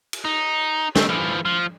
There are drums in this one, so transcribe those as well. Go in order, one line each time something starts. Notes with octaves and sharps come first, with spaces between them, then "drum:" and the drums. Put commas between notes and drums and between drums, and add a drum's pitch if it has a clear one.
drum: cymbal
D#4
A3 C4, drum: snare
E3 F3
F3